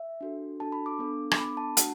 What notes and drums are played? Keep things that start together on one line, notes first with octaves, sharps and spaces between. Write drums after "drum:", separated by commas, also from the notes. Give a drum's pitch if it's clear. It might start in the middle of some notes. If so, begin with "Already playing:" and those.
Already playing: E5
D4 F#4 A4
D4 F#4 A4 A5
B5
D6
B3 D4 A4
D6, drum: rim click
B3 D4 A4 B5
A5
A3 D4 F#4 F#5, drum: hi-hat